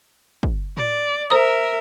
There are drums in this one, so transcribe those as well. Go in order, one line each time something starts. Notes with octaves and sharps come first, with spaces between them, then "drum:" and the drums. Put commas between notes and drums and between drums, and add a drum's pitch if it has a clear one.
drum: kick
D5, drum: tom A2
A#4 C5 E5 A#5 D#6